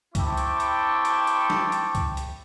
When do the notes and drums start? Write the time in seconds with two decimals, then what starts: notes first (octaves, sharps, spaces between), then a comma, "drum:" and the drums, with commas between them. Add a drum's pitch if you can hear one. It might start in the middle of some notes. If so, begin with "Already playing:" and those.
0.15 C4 E4 G5 A5 C#6 D6, drum: kick C#2, hi-hat
0.37 drum: hi-hat
0.60 drum: hi-hat
1.05 drum: hi-hat
1.27 drum: hi-hat
1.50 drum: snare
1.72 drum: hi-hat
1.95 drum: kick C#2, hi-hat
2.17 drum: hi-hat